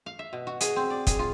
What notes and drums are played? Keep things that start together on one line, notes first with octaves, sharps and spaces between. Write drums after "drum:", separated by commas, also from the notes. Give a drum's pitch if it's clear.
F5
E5
B2
F#4
G#4, drum: hi-hat
C4
D5
G#4, drum: kick, hi-hat
F4